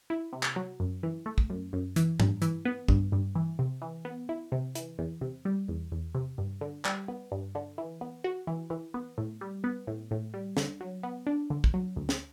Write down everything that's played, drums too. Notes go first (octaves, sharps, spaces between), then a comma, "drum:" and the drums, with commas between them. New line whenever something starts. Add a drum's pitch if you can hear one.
E4
C3
drum: clap
F#3
F#2
E3
A3
drum: kick
F#2
F#2
E3, drum: hi-hat
G2, drum: tom G#2
E3, drum: hi-hat
B3
G2, drum: kick
G2
E3
C3
E3
B3
E4
C3
E3, drum: hi-hat
E2
C3
G3
E2
E2
C3
G2
D3
G3, drum: clap
B3
G2
D3
E3
B3
F#4
E3
E3
B3
A2
G3
B3
A2
A2
G3
D3, drum: snare
F#3
B3
D4
D3
drum: kick
F#3
D2
drum: snare